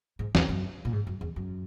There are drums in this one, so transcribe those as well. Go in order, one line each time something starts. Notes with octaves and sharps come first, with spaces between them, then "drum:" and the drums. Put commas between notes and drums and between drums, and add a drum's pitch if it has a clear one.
G#2
E2, drum: snare
F#2
A#2
G#2
F#2
E2
F#2